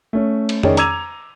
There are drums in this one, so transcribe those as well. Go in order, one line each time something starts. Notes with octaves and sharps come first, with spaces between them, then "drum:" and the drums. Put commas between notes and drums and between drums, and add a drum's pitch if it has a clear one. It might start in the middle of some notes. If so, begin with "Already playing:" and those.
A3 C#4
drum: cymbal
D#3 C#4 D#4 G#4 C#5 D5, drum: tom F2
A#5 D6 E6 G#6 D#7 F7, drum: hi-hat